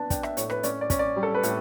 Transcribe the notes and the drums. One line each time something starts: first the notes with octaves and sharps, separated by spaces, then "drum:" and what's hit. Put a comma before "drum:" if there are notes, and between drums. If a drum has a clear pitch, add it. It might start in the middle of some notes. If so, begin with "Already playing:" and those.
Already playing: B3 D4 A5
D4 G5, drum: kick, hi-hat
E5, drum: rim click
A2 C#5, drum: hi-hat
B4, drum: rim click
C#4 D5, drum: hi-hat
D5
C#4, drum: kick, hi-hat
D5
G3
A4
B4
A2, drum: hi-hat